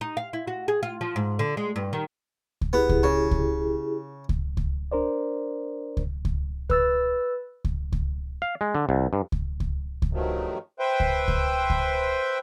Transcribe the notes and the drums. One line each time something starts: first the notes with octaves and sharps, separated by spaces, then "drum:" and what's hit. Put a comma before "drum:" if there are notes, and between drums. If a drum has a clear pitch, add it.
D#4
F5
E4
F#4
G#4
F4
F3
G#2
D3
G#3
G2
D#3
drum: kick C#2
B3 E4 G4 G#4
drum: kick C#2
C#3
drum: kick C#2
drum: kick C#2
drum: kick C#2
D4 A#4 C5 D5
drum: kick C#2
drum: kick C#2
B4 E6 A6, drum: kick C#2
drum: kick C#2
drum: kick C#2
F5
G#3
D3
C2
G2
drum: kick C#2
drum: kick C#2
drum: kick C#2
G2 D#3 F3 F#3 A3
B4 C5 E5 G5
drum: kick C#2
drum: kick C#2
drum: kick C#2